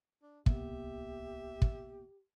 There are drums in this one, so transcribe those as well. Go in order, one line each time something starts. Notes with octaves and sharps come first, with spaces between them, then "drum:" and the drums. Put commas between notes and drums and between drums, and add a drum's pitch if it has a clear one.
D4
D1 C2 A#3 B3 G4 E5, drum: kick
drum: kick